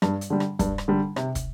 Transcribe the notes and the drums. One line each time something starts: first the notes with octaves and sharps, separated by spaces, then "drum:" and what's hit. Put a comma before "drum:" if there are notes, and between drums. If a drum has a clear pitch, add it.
G2, drum: rim click
drum: hi-hat
D3 G3
drum: rim click
G2, drum: kick, hi-hat
drum: rim click
D3 G3
C3, drum: rim click
drum: kick, hi-hat